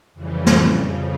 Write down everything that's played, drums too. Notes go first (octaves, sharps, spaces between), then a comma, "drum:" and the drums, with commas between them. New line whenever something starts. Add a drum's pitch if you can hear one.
F2 C#3 E3 G3
drum: snare
F2 C#3 F3